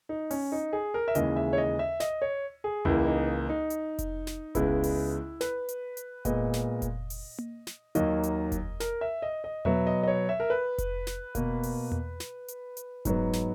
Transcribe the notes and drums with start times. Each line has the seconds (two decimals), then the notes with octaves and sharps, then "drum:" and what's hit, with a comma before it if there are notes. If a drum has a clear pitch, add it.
0.09 D#4
0.31 C#4, drum: open hi-hat
0.52 D#4
0.73 G#4
0.94 A#4
1.08 E5
1.15 D#2 C#3 E3 G#3 D#5, drum: hi-hat
1.36 E5
1.53 C#5
1.58 D#5
1.79 E5
2.00 D#5, drum: snare
2.22 C#5
2.64 G#4
2.85 C#2 C#3 E3 A#3 E4, drum: tom E2
3.06 D#4
3.49 D#4
3.70 drum: hi-hat
3.99 drum: kick F1, hi-hat
4.27 drum: snare
4.55 C#2 C#3 G#3 B3 E4, drum: kick F1, hi-hat
4.84 drum: open hi-hat
5.41 B4, drum: snare
5.69 drum: hi-hat
5.97 drum: hi-hat
6.25 A#2 G#3 B3 D#5, drum: kick F1, hi-hat
6.53 drum: snare
6.82 drum: kick F1, hi-hat
7.10 drum: open hi-hat
7.38 drum: tom A#3
7.67 drum: snare
7.95 D#2 D#3 F#3 A#3 D#5, drum: hi-hat
8.23 drum: hi-hat
8.52 drum: kick F1, hi-hat
8.80 A#4, drum: snare
9.01 E5
9.22 D#5
9.44 D#5
9.65 B2 F#3 B3 E5, drum: tom E2
9.87 D#5
10.03 D#5
10.08 C#5
10.29 E5
10.40 A#4
10.50 B4
10.78 drum: kick F1, hi-hat
11.07 drum: snare
11.35 B2 A#3, drum: kick F1, hi-hat
11.63 drum: open hi-hat
11.92 drum: tom E2
12.20 drum: snare
12.48 drum: hi-hat
12.77 drum: hi-hat
13.05 G#2 F#3 B3, drum: kick F1, hi-hat
13.33 drum: snare